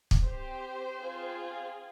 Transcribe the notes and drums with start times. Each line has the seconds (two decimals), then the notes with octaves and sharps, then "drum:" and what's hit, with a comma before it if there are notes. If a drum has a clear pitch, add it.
0.11 drum: kick
0.22 C4 G4 C5
1.03 C4 F4 G#4